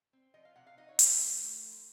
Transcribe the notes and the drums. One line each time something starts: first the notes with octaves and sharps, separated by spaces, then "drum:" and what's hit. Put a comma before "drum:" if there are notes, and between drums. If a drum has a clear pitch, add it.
C4
F3 D#5
F5
C3 F#5
F5
D#4 D#5
C#5
D#4 C5, drum: hi-hat
A4
A3
A3
F3